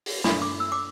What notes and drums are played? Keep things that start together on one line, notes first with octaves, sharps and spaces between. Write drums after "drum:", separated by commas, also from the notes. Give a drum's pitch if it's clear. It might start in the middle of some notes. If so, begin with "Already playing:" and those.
drum: open hi-hat
D4 A4 B5, drum: snare
D6
E6
D6